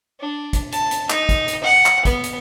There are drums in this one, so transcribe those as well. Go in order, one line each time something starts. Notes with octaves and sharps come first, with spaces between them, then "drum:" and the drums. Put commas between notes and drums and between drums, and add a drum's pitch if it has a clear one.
D4
drum: kick, hi-hat
A5, drum: hi-hat
drum: hi-hat
D#4, drum: clap
drum: kick, hi-hat
drum: hi-hat
F#5
drum: clap
B3, drum: kick, hi-hat
drum: hi-hat